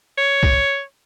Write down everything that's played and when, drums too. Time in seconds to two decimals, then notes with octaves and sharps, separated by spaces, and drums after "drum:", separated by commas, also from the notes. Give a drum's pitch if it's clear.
0.18 C#5
0.43 drum: kick